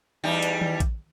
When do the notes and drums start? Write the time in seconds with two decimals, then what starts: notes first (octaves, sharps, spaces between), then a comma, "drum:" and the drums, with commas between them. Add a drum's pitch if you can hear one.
0.24 E2 G3 D#4
0.43 drum: hi-hat
0.61 drum: tom D#3
0.80 drum: kick A1, hi-hat